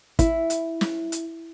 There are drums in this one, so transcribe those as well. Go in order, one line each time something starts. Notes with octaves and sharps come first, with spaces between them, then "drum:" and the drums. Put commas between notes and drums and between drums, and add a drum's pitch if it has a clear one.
E4, drum: kick, hi-hat
drum: hi-hat
drum: snare
drum: hi-hat